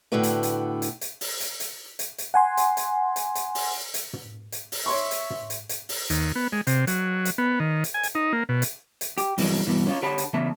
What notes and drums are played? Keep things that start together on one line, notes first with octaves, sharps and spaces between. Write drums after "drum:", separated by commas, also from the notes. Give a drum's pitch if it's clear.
A2 D3 B3 F#4 B4 G5
drum: hi-hat
drum: hi-hat
drum: hi-hat
drum: hi-hat
drum: open hi-hat
drum: hi-hat
drum: hi-hat
drum: hi-hat
drum: hi-hat
F#5 G#5 C6
drum: hi-hat
drum: hi-hat
drum: hi-hat
drum: hi-hat
drum: open hi-hat
drum: hi-hat
drum: tom
drum: hi-hat
drum: open hi-hat
C#5 E5 C6 C#6
drum: hi-hat
drum: tom
drum: hi-hat
drum: hi-hat
drum: open hi-hat
D#2, drum: hi-hat
B3
G#3
C3, drum: hi-hat
F#3, drum: hi-hat
drum: hi-hat
B3
D#3
drum: hi-hat
G#5
drum: hi-hat
D#4
A#3
B2
drum: hi-hat
drum: hi-hat
G4, drum: hi-hat
G2 C3 E3 F#3 G#3, drum: open hi-hat
G2 B2 E3
C#4 F4 C#5
D3 G4 C#5 F#5 A5 B5
drum: hi-hat
E2 C#3 A3 E5 A5